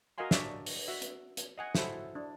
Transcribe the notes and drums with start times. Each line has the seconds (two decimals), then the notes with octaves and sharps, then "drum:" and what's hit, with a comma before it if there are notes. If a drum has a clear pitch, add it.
0.18 F#4 A#4 D#5 F5 G#5 C6
0.31 D4 C#5 D5 E5, drum: snare
0.66 drum: open hi-hat
0.88 F#4 E5
1.02 drum: hi-hat
1.37 drum: hi-hat
1.58 D#5 F#5 G#5
1.75 E4 F#4 A4 C5, drum: snare
2.15 D4